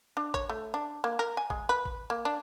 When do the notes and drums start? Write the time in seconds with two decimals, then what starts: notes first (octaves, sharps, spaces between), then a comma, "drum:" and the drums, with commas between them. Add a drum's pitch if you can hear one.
0.17 D4
0.34 C#5, drum: kick
0.49 A3
0.74 D4
1.04 A#3
1.19 A#4
1.37 G#5
1.50 G#3, drum: kick
1.69 B4
1.85 drum: kick
2.10 A#3
2.25 D4